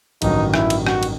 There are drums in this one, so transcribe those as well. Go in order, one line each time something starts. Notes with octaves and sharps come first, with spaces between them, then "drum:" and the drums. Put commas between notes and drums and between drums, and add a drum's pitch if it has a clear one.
A1 G2 D#3 F#3 D#4, drum: cymbal
E4, drum: rim click
drum: cymbal
F#4, drum: rim click
drum: cymbal